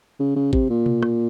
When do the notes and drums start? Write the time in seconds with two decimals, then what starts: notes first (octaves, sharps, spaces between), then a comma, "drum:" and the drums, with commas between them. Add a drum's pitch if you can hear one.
0.19 C#3
0.36 C#3
0.53 C3, drum: kick G#1
0.70 A#2
0.86 drum: tom B2
1.03 drum: rim click